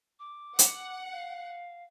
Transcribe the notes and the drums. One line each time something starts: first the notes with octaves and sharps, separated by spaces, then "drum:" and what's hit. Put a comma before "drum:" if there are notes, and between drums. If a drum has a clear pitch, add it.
D6
F#5, drum: hi-hat
F5